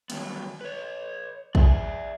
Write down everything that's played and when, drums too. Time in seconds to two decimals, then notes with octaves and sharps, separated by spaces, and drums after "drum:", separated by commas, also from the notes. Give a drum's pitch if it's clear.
0.10 D#3 F#3 G3 B3, drum: cymbal
0.61 B4 C#5
1.55 D5 E5 G5 G#5, drum: kick A1